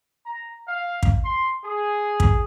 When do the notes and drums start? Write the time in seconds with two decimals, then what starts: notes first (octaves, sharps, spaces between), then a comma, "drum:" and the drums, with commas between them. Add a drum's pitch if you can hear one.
0.24 A#5
0.67 F5
1.03 drum: kick
1.23 C6
1.63 G#4
2.20 drum: kick